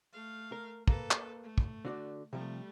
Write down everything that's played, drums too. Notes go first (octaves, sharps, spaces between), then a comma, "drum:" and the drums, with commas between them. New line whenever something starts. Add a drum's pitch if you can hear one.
A3 F5
A#4
A#3 A4 B4, drum: kick
drum: clap
A3
drum: kick
D3 F#4 D5
C3 F3 G3 A3